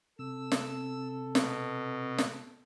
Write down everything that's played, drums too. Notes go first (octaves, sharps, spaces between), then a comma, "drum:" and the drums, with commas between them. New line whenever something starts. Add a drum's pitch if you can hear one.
C3 A4 E6
drum: snare
B2, drum: snare
drum: snare